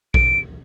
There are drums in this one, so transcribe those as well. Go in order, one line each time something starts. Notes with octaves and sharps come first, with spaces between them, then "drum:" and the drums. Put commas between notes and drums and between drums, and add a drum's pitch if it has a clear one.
D7, drum: kick A#1